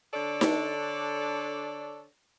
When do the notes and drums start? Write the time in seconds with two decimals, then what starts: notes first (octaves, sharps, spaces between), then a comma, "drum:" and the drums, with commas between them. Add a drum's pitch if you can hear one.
0.14 D3 D4 A4 C#5 D5
0.41 drum: snare D#4